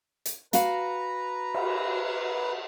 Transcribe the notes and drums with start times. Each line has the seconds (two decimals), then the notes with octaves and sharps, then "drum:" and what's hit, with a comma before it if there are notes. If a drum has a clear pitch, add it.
0.26 drum: hi-hat
0.53 F#4 B4 F5 F#5 A#5, drum: hi-hat
1.54 drum: cymbal